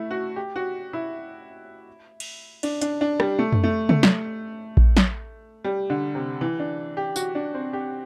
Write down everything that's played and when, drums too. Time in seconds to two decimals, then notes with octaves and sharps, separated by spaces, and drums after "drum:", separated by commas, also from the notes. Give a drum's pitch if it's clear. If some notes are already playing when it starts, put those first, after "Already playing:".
Already playing: A3 E4
0.11 F#4
0.36 G4
0.56 F#4
0.93 E4
2.20 drum: cymbal
2.63 D4, drum: cymbal
2.82 D4, drum: hi-hat
3.01 D4
3.20 G3, drum: rim click
3.39 A3
3.53 drum: tom
3.64 A3
3.89 A3, drum: tom
4.03 drum: snare
4.77 drum: kick A#1
4.97 drum: snare
5.64 G3
5.90 D3
6.15 C3
6.41 E3
6.60 D4
6.97 G4
7.16 F#4, drum: tambourine
7.35 D4
7.54 C4
7.73 G4